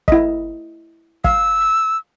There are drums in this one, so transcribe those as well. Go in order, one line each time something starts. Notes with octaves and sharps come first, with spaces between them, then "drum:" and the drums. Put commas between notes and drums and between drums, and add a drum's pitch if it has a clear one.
E4 D#5, drum: kick
F5 E6, drum: kick